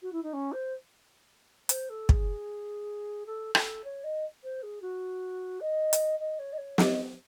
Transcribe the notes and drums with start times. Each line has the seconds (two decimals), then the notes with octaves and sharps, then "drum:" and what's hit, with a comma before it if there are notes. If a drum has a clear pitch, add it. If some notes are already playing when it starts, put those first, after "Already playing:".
0.02 F#4
0.12 E4
0.23 D#4
0.33 C#4
0.52 C5
1.69 C5, drum: hi-hat
1.89 A4
2.09 G#4, drum: kick
3.26 A4
3.55 A4, drum: rim click
3.84 C#5
4.04 D#5
4.43 C5
4.62 G#4
4.82 F#4
5.60 D#5
5.93 drum: hi-hat
6.19 D#5
6.39 C#5
6.52 D#5
6.58 C#5
6.78 D#5, drum: snare